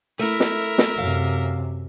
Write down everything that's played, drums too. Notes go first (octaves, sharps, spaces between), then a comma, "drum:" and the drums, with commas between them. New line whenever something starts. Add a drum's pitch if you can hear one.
A3 E4 A#4 E5
drum: snare
drum: snare
F#2 C3 F5